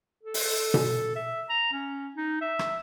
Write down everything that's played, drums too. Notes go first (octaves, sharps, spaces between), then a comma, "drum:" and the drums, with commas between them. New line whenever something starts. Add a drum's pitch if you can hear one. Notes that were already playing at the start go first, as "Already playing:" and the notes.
A4
drum: open hi-hat
A4
drum: tom B2
E5
A#5
C#4
D#4
E5
drum: rim click